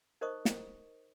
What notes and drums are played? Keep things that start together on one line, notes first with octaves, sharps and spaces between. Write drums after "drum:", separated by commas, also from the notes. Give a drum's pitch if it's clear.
D#4 A#4 C5 D#5 C#6 D#6
drum: snare